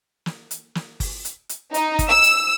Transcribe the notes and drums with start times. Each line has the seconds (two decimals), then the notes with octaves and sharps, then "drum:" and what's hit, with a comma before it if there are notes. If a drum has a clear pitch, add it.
0.26 drum: snare
0.51 drum: hi-hat
0.75 drum: snare
1.00 drum: kick G1, open hi-hat
1.25 drum: hi-hat
1.49 drum: hi-hat
1.74 D#4, drum: hi-hat
1.99 drum: kick G1, hi-hat
2.09 E6
2.23 drum: hi-hat